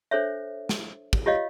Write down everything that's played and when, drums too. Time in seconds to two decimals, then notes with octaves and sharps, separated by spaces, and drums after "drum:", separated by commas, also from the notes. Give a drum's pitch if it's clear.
0.11 D4 A4 C5 C#5 E5
0.69 drum: snare
1.13 drum: kick
1.26 F4 G4 C#5 D#5 F5